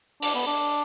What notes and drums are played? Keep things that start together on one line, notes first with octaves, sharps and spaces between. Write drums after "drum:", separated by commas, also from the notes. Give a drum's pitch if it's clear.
D4, drum: open hi-hat
B3
D4